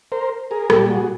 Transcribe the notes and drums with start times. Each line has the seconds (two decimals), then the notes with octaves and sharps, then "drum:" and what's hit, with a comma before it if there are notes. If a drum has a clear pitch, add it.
0.12 A#4 C5
0.51 G#4 A#4
0.70 A#2 G3 G4 A4, drum: rim click
0.90 F#4 G#4